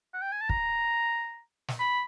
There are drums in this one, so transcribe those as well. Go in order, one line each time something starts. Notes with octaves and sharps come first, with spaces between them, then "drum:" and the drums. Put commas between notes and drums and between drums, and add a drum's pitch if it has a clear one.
F#5
G5
G#5
A5
A#5, drum: kick
drum: snare
B5